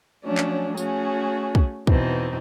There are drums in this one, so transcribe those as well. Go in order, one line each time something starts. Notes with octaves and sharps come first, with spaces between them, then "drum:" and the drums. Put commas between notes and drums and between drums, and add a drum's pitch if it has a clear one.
F3 F#3 A3 C#4 D4
drum: clap
A3 C#4 F#4 G#4, drum: tambourine
drum: kick
E2 B2 E3 C4 D#4, drum: kick